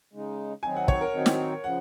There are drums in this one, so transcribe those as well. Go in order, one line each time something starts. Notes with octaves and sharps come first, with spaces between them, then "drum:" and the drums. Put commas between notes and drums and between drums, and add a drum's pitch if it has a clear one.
C#3 G#3 D#4
D#3 F#3 C4 D#4 G#5
F#5
C#5, drum: kick
A#4
D#3 F#3 C4 D#4
drum: snare
C#3 F3 F#5